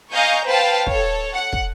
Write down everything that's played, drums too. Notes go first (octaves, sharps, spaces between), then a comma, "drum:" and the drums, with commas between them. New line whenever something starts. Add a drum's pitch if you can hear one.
D#5 F5 G#5 A#5 C#6 G6
B4 C5 F5 G5 A5
A4 C#5, drum: kick
F#5
drum: kick